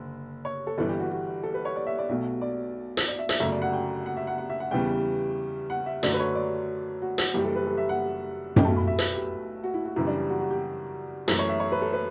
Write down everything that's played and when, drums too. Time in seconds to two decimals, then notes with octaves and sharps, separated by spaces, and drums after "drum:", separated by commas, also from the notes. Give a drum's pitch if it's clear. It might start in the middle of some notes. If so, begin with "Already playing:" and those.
Already playing: F#1 D3
0.45 C#5
0.67 A4
0.78 G1 G2 E3 G3 A4
0.89 G4
1.00 F#4
1.11 F#4
1.43 A4
1.54 B4
1.65 C#5
1.76 D5
1.87 E5
1.99 D5
2.09 B1 B2 F#3 A3
2.41 D5
2.97 drum: hi-hat
3.08 D5
3.19 E5
3.29 E5, drum: hi-hat
3.40 G1 F#2 C#3 F#3 A3 E5
3.51 D5
3.62 F#5
3.73 G5
4.06 F#5
4.17 E5
4.27 F#5
4.38 F#5
4.50 E5
4.60 F#5
4.71 E2 C#3 E3 G3 G5
5.70 F#5
5.86 E5
6.03 F#2 D3 F#3 A3 D5, drum: hi-hat
6.13 B4
6.20 C#5
6.35 D5
7.02 F#4
7.18 F#4, drum: hi-hat
7.34 F#1 F#2 E3 G3 G4
7.45 A4
7.56 B4
7.67 A4
7.78 E5
7.89 F#5
8.56 G5, drum: tom F#2
8.65 B1 A2 F#3 A3 A5
8.76 B5
8.87 E5
8.99 B4, drum: hi-hat
9.14 G4
9.64 F#4
9.74 E4
9.86 F#4
9.96 F#2 C#3 E3 G3 E4
10.07 D4
10.30 F#4
10.40 F#4
10.51 G4
11.28 F#2 E3 A3 A4, drum: hi-hat
11.39 C#5
11.49 E5
11.60 C#5
11.72 B4
11.82 A4
11.93 B4